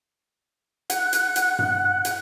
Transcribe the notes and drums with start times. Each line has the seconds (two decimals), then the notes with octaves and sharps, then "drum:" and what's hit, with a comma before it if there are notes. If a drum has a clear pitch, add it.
0.90 F#5, drum: hi-hat
1.13 drum: hi-hat
1.36 drum: hi-hat
1.59 drum: tom G2
2.05 drum: hi-hat